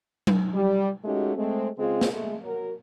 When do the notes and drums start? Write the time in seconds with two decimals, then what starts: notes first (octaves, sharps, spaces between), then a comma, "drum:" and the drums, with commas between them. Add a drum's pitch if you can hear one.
0.27 drum: tom F#3
0.55 G3
1.05 G#3 A3 C#4 D#4 F#4 G4
1.36 G#3 A3 C4
1.78 C#3 G#3 C4 F4 G#4
2.01 drum: snare
2.12 G#3 A3
2.44 F#3 A#4